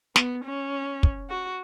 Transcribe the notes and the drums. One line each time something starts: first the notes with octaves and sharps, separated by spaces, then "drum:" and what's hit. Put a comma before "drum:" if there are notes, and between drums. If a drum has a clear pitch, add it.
B3, drum: snare
C#4
drum: kick
F#4